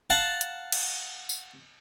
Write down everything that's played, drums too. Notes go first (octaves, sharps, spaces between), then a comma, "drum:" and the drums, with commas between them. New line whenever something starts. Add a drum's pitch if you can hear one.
F5 F#5 A5 A#5
drum: hi-hat
drum: cymbal
drum: tambourine